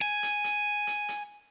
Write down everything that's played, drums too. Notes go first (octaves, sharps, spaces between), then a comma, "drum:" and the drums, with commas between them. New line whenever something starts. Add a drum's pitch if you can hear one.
G#5
drum: hi-hat
drum: hi-hat
drum: hi-hat
drum: hi-hat